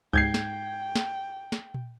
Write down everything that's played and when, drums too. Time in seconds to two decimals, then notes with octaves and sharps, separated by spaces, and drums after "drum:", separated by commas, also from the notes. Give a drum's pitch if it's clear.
0.13 G#2 G5 G6 G#6 C7, drum: kick C#2
0.34 drum: snare
0.96 drum: snare
1.52 drum: snare
1.74 drum: tom A#2